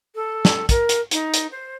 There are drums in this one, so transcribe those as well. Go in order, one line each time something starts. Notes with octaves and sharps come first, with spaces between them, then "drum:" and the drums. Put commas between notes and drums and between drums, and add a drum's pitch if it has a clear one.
A4
drum: snare
A#4, drum: kick, hi-hat
drum: hi-hat
D#4, drum: hi-hat
drum: hi-hat
C5